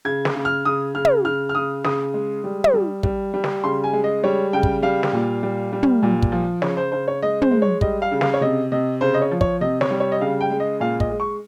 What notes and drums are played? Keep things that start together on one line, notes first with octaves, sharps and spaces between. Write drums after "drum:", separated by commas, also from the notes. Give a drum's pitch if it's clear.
C#3 G#6
drum: snare
C#3
F6
C#3 D#6
C#3 F6
drum: tom
C#3 F6
F6
C#3 D#6
C#3 D#6, drum: snare
G#3
G3
drum: tom
G3
G3, drum: kick
G3
drum: snare
C#3 C6
G#5
G#3
D#5
G3 C#5
C#3 G5
drum: kick
G3 F5
drum: snare
A#2
G3
G3
drum: tom
A#2
drum: kick
F3
C#3 C#5, drum: snare
C5
C#3 C5
C#5
G#3 D#5
C5, drum: tom
G#3
C#5
G3 D#5, drum: kick
F5
C#3
F5, drum: snare
C#5
C3 D#5
C3 D#5
C#3 C5
D#5
C#5
F3
C#5, drum: kick
C3 D#5
C#5, drum: snare
G3
C#5
D#5
C#3 F5
G5
G#3
D#5
A#2 F5
D#5, drum: kick
G#3
C#6